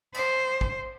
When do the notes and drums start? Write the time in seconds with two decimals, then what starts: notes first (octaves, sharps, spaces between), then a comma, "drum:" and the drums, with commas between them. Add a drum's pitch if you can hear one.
0.14 C5, drum: cymbal
0.61 drum: kick